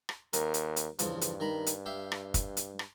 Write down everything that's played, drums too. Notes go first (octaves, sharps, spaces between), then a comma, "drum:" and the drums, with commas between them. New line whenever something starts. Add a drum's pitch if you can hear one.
drum: rim click
D#2 A#4, drum: hi-hat
drum: hi-hat
drum: hi-hat
E2 G2 C#3 F3, drum: hi-hat
drum: hi-hat
D#3 A#5 B5
drum: hi-hat
G4 E5 F5
drum: rim click
drum: kick, hi-hat
drum: hi-hat
drum: rim click